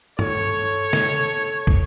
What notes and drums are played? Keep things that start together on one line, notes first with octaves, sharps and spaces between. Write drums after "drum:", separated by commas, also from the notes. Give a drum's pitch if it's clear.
A4 C#5, drum: tom G2
drum: snare
drum: kick